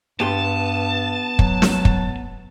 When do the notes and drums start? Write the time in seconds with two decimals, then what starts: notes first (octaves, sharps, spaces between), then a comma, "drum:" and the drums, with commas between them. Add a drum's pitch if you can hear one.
0.20 G2 B3 G4 A5 C6
1.39 F#3, drum: kick
1.62 drum: snare
1.85 drum: kick